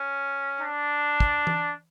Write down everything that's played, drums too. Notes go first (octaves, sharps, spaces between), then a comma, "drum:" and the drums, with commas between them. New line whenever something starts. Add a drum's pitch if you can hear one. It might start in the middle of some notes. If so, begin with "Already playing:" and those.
Already playing: C#4
D4
drum: kick
drum: tom E3